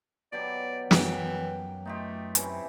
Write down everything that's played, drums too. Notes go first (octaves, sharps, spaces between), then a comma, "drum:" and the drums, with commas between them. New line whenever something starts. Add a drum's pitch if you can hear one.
B2 F#3 G4 D5
F#2 E3 G5, drum: snare
A3 D#4 F4 G4
C3 E3 C#4, drum: hi-hat